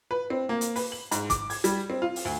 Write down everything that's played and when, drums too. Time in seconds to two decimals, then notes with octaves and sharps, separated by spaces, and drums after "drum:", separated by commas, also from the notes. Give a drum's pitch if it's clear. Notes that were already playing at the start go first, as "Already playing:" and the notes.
0.11 B4
0.30 C4
0.49 A#3
0.61 drum: hi-hat
0.76 B4, drum: open hi-hat
0.92 F#7
1.11 G#2, drum: hi-hat
1.30 D6, drum: kick, hi-hat
1.50 G#6, drum: open hi-hat
1.64 G3, drum: hi-hat
1.90 C4
2.02 F4
2.16 drum: open hi-hat
2.25 D2